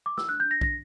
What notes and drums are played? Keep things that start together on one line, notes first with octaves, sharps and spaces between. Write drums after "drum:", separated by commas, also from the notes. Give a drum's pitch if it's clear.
D6
E6, drum: snare
D4 F#6
G6
D4
A#6
D4 A#6, drum: kick